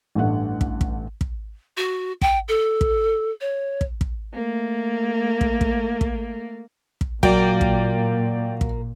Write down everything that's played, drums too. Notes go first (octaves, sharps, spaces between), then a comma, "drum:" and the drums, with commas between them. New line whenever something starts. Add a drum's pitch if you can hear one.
A1 G2 A3 F#5
drum: kick
drum: kick
drum: kick
F#4
G5, drum: kick
A4
drum: kick
C#5
drum: kick
drum: kick
A3 A#3
drum: kick
drum: kick
drum: kick
drum: kick
A#2 F#3 A#3 D5 G5, drum: kick
drum: kick
drum: kick